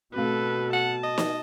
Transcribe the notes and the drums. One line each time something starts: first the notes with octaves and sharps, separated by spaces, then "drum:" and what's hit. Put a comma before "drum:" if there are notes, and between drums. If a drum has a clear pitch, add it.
B2 A3 C4 F#4 A4 B4
F#5 A5
D#5
drum: snare